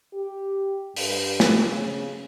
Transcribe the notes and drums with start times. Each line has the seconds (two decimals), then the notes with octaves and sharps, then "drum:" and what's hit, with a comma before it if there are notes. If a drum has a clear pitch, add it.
0.13 G4
0.96 G2, drum: open hi-hat
1.40 drum: snare
1.65 C#3